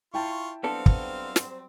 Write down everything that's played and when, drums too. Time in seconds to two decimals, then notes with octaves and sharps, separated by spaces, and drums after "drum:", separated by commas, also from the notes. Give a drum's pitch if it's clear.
0.14 E4 F4 G5 A5 C#6
0.64 F#3 G3 B3 C4 D4 A4 F5
0.86 drum: kick
1.36 drum: snare